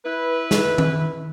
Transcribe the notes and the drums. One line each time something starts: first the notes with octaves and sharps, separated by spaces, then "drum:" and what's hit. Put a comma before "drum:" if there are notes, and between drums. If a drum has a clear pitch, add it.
E4 B4
drum: snare
drum: tom D#3